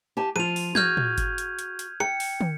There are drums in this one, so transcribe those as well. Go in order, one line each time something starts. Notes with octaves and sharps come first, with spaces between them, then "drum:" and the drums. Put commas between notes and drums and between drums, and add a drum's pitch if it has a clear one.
G4 G#5 A5
F3 F4 D#7 F7, drum: rim click
drum: open hi-hat
F#4 G#4 F6 G6 G#6, drum: tom
drum: tom
drum: kick G1, hi-hat
drum: hi-hat
drum: hi-hat
drum: hi-hat
G5 C#7, drum: rim click
drum: open hi-hat
drum: tom